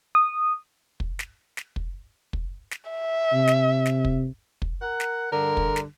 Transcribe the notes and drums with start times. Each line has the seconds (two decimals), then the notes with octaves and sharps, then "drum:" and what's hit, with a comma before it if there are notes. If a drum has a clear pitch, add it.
0.15 D#6
1.00 drum: kick
1.19 drum: snare
1.57 drum: snare
1.76 drum: kick
2.33 drum: kick
2.71 drum: snare
2.90 E5
3.33 C3
3.47 drum: snare
3.86 drum: snare
4.05 drum: kick
4.62 drum: kick
4.81 A#4 F#5
5.00 drum: snare
5.32 G2 D3 A#4
5.57 drum: kick
5.76 drum: snare